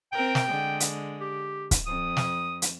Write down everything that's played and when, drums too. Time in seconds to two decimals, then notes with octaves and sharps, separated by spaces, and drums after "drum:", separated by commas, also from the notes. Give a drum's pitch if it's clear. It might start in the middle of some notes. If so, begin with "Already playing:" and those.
0.12 C4 A#4 G5
0.35 drum: snare
0.48 D3 G#3
0.80 drum: hi-hat
1.21 G4
1.71 drum: kick, hi-hat
1.87 F2 D#6
2.17 drum: snare
2.62 drum: hi-hat